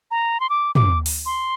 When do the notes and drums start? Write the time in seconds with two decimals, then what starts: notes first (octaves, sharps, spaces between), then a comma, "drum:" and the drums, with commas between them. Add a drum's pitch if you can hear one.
0.11 A#5
0.40 C6
0.50 D6
0.75 D6, drum: tom
1.06 drum: open hi-hat
1.26 C6